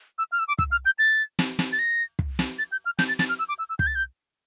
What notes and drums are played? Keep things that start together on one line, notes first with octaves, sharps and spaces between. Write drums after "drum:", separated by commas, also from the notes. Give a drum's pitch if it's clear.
E6
F6
E6
D6
E6, drum: kick
F6
G6
A6
drum: snare
drum: snare
A6
A#6
drum: kick
drum: snare
A6
G6
F6
G6, drum: snare
A6
A6, drum: snare
F6
E6
D6
E6
E6
G6, drum: kick
A6
G6